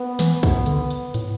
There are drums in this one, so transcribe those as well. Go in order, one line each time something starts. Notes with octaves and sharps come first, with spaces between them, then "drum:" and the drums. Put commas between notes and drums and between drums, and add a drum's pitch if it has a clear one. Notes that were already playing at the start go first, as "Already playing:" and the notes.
Already playing: B3
E3, drum: snare
drum: kick, hi-hat
D3, drum: hi-hat
drum: hi-hat
A2, drum: hi-hat